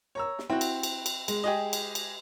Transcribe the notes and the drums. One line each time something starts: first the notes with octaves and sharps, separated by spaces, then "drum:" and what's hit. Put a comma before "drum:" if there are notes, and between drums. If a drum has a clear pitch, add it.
C#5 A#5 E6
drum: snare
C4 E4 F#4
drum: cymbal
drum: cymbal
drum: cymbal
G#3, drum: cymbal
G4 G#4 D#5
drum: cymbal
drum: cymbal